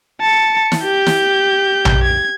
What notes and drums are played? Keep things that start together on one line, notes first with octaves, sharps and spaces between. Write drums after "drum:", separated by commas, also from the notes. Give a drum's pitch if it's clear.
A5 C#7
drum: snare
G4 G6
drum: snare
drum: tom A#1
G#6